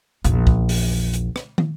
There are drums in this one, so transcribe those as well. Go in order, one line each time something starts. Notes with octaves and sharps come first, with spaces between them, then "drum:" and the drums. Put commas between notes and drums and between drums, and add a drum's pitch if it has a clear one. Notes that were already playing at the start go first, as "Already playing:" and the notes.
A#1 E2, drum: hi-hat
drum: kick
drum: open hi-hat
drum: hi-hat
drum: rim click
drum: tom